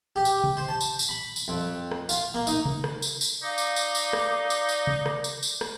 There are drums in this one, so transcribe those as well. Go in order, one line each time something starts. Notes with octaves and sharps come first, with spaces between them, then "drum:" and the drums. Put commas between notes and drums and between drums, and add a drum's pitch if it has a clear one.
G4
drum: tambourine
drum: tom C3
C5
A5
drum: tambourine
drum: tambourine
B5
drum: tambourine
F2
drum: rim click
F4, drum: tambourine
A#3
D#4, drum: tambourine
drum: tom C3
drum: rim click
drum: tambourine
drum: tambourine
D#4 D5 F5 D6
drum: tambourine
drum: tambourine
drum: tambourine
drum: rim click
drum: tambourine
drum: tambourine
drum: tom C3
drum: rim click
drum: tambourine
drum: tambourine
drum: rim click